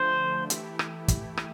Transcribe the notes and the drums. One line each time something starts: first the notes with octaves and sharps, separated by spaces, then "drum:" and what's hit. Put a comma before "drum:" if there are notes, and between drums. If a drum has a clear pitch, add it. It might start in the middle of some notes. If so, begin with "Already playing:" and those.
Already playing: D3 F3 A3 D4 C5
E3 A3 E4 G4, drum: hi-hat
drum: rim click
drum: kick, hi-hat
drum: rim click